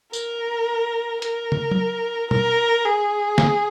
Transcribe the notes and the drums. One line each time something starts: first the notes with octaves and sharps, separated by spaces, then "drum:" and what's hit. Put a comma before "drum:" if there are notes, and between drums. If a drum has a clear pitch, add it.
A#4, drum: tambourine
A#4, drum: hi-hat
drum: tom
drum: tom F#3
A#4, drum: tom B2
G#4
drum: snare